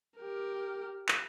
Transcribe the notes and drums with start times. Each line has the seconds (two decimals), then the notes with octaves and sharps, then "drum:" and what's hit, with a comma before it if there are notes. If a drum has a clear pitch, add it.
0.17 G4 A#4
1.08 drum: clap